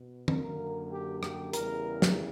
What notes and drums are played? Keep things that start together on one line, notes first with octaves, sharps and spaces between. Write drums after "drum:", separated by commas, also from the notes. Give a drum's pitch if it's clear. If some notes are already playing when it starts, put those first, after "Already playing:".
Already playing: B2
F#2 D3 A#3 A#4, drum: tom
G4
G4, drum: rim click
E2 C#3 G3 A#4, drum: hi-hat
drum: snare